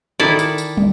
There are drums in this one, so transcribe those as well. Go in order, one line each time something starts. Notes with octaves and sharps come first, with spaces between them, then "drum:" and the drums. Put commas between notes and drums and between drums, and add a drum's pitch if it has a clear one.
D#3 E4 A4 D5, drum: snare
drum: tambourine
drum: tambourine
drum: tom